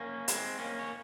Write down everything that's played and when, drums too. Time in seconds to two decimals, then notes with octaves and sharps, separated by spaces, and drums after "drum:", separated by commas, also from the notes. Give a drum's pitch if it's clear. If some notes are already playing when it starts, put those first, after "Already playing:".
Already playing: A#3 C#4
0.28 G#3 C4, drum: hi-hat
0.58 A#3 C#4
0.79 C#5